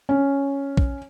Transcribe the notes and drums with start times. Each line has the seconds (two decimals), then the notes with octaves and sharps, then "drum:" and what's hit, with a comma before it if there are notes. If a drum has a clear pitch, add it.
0.09 C#4
0.77 drum: kick